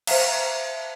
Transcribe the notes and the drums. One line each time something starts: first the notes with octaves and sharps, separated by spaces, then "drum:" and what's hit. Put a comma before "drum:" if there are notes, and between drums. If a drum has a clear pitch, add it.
C5 E5 F5, drum: cymbal